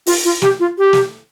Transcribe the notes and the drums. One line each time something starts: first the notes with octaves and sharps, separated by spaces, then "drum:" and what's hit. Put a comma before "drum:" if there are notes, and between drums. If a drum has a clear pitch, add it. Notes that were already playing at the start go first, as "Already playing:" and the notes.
F4, drum: open hi-hat
F4
G4, drum: snare
F4
G4
drum: snare